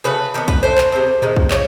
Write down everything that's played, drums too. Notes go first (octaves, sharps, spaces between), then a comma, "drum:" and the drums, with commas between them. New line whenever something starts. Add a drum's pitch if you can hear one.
C#3 F#3 A3 B4
D#3 F#3 B3
B4, drum: kick B1
E3 A3 C4 C5
drum: clap
C3 D#3 G#3 C4
C3 D#3 G#3, drum: tom A2
drum: kick B1
C#3 C#5, drum: clap